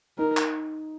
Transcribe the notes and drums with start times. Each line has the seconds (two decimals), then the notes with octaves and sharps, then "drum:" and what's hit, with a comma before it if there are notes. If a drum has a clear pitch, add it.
0.18 D#4 A#4
0.37 drum: clap